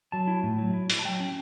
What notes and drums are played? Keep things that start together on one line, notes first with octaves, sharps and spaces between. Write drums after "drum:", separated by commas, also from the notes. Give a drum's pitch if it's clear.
F#3 A5
E4
A2
F#3
E4
E4, drum: open hi-hat
A5
F#3 G5
C#4